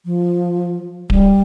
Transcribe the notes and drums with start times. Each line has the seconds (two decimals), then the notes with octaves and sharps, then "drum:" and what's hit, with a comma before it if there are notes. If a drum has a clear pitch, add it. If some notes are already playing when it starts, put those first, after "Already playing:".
0.05 F3
1.10 G3, drum: kick D1